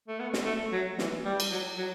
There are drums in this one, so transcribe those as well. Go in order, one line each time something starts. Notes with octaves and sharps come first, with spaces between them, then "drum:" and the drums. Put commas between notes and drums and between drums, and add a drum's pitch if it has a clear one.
A3
B3
drum: snare
A3
F#3
E3, drum: snare
G3
drum: cymbal
F#3
F#3